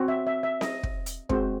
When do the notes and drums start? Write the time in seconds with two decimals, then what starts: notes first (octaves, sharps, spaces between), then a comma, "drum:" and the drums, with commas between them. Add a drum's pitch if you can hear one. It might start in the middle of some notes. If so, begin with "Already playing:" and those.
Already playing: C4 F#4
0.08 E5
0.27 E5
0.43 E5
0.61 D#5, drum: snare C4
0.83 drum: kick
1.06 drum: hi-hat
1.29 G#3 C4 F#4 C5, drum: kick